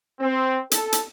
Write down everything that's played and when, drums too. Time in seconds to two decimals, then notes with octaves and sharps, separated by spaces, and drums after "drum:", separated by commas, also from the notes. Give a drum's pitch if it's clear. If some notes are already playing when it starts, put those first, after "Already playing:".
0.20 C4
0.71 A4, drum: hi-hat
0.92 drum: hi-hat